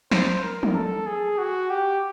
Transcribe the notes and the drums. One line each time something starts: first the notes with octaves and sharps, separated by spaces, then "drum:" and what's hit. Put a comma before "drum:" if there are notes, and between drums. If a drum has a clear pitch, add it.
C5, drum: snare
A#4
drum: tom
A4
G#4
F#4
G4